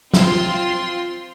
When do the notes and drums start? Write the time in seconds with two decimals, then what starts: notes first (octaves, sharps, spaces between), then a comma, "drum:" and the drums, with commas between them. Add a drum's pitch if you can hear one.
0.14 C4 F4 C6, drum: snare